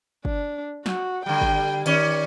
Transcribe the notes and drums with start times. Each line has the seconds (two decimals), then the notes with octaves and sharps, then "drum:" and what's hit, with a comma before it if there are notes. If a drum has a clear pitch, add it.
0.25 D4, drum: kick
0.86 F#4, drum: snare
1.26 D3 G3 G5
1.41 drum: kick
1.86 D#3 C#4 D5, drum: hi-hat